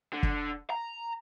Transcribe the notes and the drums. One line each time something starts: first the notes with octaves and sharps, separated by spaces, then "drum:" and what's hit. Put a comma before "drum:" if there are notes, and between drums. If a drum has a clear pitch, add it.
D3
drum: kick
A#5